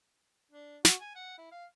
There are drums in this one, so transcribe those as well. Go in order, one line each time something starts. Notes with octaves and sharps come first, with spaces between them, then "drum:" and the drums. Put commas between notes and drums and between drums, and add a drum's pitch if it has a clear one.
D4
F#4, drum: snare
G#5
F#5
E4
F5